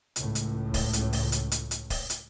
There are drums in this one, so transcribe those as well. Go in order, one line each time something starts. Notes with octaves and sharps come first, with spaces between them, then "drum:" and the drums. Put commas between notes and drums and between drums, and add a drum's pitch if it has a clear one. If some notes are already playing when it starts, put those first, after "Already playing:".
C#2 A2, drum: hi-hat
drum: hi-hat
drum: kick, open hi-hat
drum: hi-hat
drum: open hi-hat
drum: hi-hat
drum: hi-hat
drum: hi-hat
drum: kick, open hi-hat
drum: hi-hat